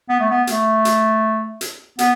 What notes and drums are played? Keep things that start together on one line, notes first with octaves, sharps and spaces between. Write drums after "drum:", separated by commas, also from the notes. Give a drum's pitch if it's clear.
B3
A3
B3
A3, drum: hi-hat
drum: hi-hat
drum: hi-hat
B3, drum: hi-hat